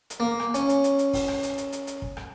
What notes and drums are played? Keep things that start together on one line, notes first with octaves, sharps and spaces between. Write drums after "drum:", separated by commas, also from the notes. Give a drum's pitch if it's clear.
drum: hi-hat
A#3
drum: rim click
C#4, drum: hi-hat
drum: hi-hat
drum: hi-hat
drum: hi-hat
drum: kick, open hi-hat
drum: rim click
drum: hi-hat
drum: hi-hat
drum: hi-hat
drum: hi-hat
drum: kick
drum: rim click